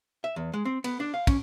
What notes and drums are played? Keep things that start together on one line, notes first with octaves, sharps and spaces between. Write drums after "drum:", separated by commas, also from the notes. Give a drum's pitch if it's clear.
E5
E2
G#3
C4
B3, drum: cymbal
D4
F5
C#4, drum: kick, cymbal